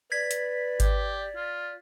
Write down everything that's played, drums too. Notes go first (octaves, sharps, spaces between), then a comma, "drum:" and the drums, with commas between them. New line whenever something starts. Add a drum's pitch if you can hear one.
B4 D5 G#6 B6
drum: hi-hat
G4, drum: kick G#1, hi-hat
F4